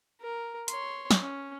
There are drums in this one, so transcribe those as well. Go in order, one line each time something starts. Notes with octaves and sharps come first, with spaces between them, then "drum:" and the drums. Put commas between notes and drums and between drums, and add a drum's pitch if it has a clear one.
A#4
C#5 C6, drum: hi-hat
drum: snare
C#4